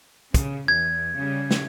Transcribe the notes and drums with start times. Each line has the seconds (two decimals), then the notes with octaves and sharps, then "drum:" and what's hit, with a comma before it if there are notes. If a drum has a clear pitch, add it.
0.34 C#3, drum: kick, hi-hat
0.68 E2 G#6
1.16 C#3 G3
1.51 drum: snare